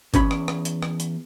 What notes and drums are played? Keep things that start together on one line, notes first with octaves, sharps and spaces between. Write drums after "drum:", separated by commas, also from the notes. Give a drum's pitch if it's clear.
E2 C#4 B5, drum: kick G1, hi-hat
drum: rim click
drum: rim click
drum: hi-hat
drum: rim click
drum: hi-hat